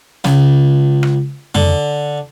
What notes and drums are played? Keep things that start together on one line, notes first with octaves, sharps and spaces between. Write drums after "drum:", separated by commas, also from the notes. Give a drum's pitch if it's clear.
C#2, drum: snare
drum: rim click
D3, drum: tom F2